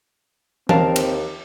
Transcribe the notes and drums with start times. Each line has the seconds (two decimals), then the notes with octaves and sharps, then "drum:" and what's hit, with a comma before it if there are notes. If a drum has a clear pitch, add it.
0.69 D#2 C4 A#4 F5 A5, drum: tom E3
0.96 drum: cymbal